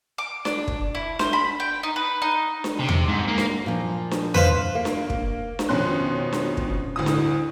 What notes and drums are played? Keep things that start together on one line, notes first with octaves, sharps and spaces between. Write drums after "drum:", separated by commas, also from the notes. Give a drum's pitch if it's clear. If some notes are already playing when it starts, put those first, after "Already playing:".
D6
D4, drum: snare D4
drum: kick
E4
C5, drum: snare D4
B5
G5
D#4
B4
D#4
drum: snare D4
C3
drum: tom E2
G#2
A#3
drum: snare D4
A#2 F3
drum: snare D4
B4 C5 F5, drum: tom E2
A#3
drum: snare D4
drum: kick
drum: snare D4
G#1 F2 B2 C#4 C6 F#6
drum: snare D4
drum: kick
D2 A2 D#6
drum: snare D4